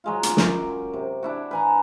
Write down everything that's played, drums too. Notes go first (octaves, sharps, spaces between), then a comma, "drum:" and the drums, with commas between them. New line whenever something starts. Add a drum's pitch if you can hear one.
F#3 G#3 F4
drum: hi-hat
F#2 D6, drum: snare
C3
D4 E4 F#4
B4 G#5 A#5